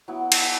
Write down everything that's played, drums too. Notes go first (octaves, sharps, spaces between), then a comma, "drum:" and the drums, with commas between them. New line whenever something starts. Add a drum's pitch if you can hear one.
F#3 B3 E4
drum: cymbal